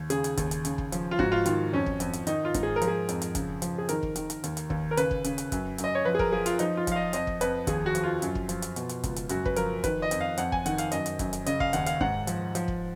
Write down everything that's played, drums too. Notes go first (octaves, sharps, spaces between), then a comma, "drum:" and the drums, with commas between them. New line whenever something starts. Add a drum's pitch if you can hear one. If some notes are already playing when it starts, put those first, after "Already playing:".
Already playing: D#2
C#3 G#4, drum: hi-hat
drum: hi-hat
D#2, drum: kick, hi-hat
drum: hi-hat
C#3, drum: hi-hat
drum: kick
F3, drum: hi-hat
F4
G#2 F#4, drum: kick
F4
D#3 F4, drum: hi-hat
F2 C#4
drum: kick
F2, drum: hi-hat
drum: hi-hat
D#3 D#4, drum: hi-hat
F4
G#2, drum: kick, hi-hat
G#4
A#4
F3, drum: hi-hat
G#4
F2, drum: hi-hat
drum: hi-hat
C#3, drum: kick, hi-hat
F3, drum: hi-hat
G#4
D#3 A#4, drum: hi-hat
drum: kick
D#3, drum: hi-hat
drum: hi-hat
D#2, drum: hi-hat
drum: hi-hat
D#2, drum: kick
A#4
C#3 B4, drum: hi-hat
drum: kick
C#3, drum: hi-hat
drum: hi-hat
F#2, drum: kick, hi-hat
F#2, drum: hi-hat
D#5
C#5
F3 B4
G#4
A#4, drum: kick
F3 G#4
F4, drum: hi-hat
F3 D#4, drum: hi-hat
F4
F3 F5, drum: kick, hi-hat
D#5
F2 D#5, drum: hi-hat
drum: kick
F2 B4, drum: hi-hat
D#2 G#4, drum: kick, hi-hat
F#4
F3, drum: hi-hat
F4
F#2, drum: hi-hat
drum: kick
F3, drum: hi-hat
drum: hi-hat
B2, drum: hi-hat
drum: hi-hat
C#2, drum: kick, hi-hat
drum: hi-hat
F#2 F#4, drum: hi-hat
B4, drum: kick
F3 A#4, drum: hi-hat
D#3 B4, drum: kick, hi-hat
D#5
F2, drum: hi-hat
F5
F2 F#5, drum: hi-hat
G#5, drum: kick
D#3 F#5, drum: hi-hat
F5, drum: hi-hat
F#2 D#5, drum: hi-hat
drum: hi-hat
F#2, drum: kick, hi-hat
drum: hi-hat
C#3 D#5, drum: hi-hat
F5, drum: kick
D#2 F#5, drum: hi-hat
F5, drum: hi-hat
G#2 F#5, drum: kick
F3, drum: hi-hat
F3, drum: hi-hat
drum: kick